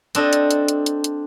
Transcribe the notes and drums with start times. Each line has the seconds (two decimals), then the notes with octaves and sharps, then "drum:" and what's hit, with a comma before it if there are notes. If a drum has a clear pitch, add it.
0.15 C4 D4 A4 D#5, drum: hi-hat
0.33 drum: hi-hat
0.51 drum: hi-hat
0.68 drum: hi-hat
0.86 drum: hi-hat
1.04 drum: hi-hat